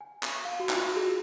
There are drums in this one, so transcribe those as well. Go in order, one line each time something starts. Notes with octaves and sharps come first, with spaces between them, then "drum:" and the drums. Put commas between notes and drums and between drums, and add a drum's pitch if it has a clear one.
G#5
drum: clap
F5, drum: cymbal
F#4
D#4, drum: clap
F4
F#4, drum: cymbal
G#4
F#4